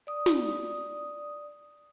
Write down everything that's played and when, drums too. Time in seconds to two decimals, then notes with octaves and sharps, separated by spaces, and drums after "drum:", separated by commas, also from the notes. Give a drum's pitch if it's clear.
0.07 D5 D#6
0.26 drum: snare